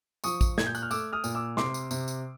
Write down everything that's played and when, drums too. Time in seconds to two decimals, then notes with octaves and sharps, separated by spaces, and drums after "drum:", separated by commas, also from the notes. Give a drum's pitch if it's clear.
0.24 F3 C#6 D#6, drum: tambourine
0.41 drum: kick A1, tambourine
0.58 A#2 G#6, drum: snare
0.66 G6
0.75 F#6, drum: tambourine
0.82 F6
0.91 A3 D6 E6, drum: tambourine
1.13 D#6 F6
1.24 A#2, drum: tambourine
1.35 D6 E6
1.57 C3 C6 D6, drum: snare
1.74 drum: tambourine
1.91 C3, drum: tambourine
2.08 drum: tambourine